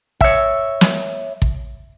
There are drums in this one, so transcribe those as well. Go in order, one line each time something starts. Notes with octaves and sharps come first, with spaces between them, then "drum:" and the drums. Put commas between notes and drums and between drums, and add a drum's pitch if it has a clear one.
C#5 E5, drum: kick
drum: snare
drum: kick